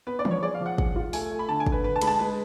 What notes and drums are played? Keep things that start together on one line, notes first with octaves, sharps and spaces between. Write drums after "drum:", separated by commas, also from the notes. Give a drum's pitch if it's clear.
B3 B4
D5
F3, drum: tom E3
C#5
G#4 D5
F5
F3
F#5
G#4, drum: kick
F4
A3 G#5, drum: open hi-hat
A3
B5
D3 A5
G#5
D3, drum: kick
B4
D3 B4
A5
G#3 B5, drum: cymbal
A5
G#3 B4